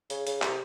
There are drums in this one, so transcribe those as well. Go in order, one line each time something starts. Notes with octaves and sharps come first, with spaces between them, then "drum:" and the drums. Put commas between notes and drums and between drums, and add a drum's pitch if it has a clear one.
C#3, drum: hi-hat
C#3, drum: hi-hat
C3, drum: clap